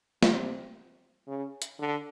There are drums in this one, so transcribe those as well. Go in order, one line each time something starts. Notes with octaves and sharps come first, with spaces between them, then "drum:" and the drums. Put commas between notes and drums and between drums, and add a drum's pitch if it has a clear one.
C3, drum: snare
C#3
drum: hi-hat
D3